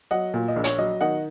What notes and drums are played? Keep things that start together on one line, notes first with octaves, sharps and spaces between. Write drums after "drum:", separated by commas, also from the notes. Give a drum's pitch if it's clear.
F#3 D#5 F#5
A#2
D#5
A#1
C#5, drum: hi-hat
F#3 D#5
D#3 D#5 F#5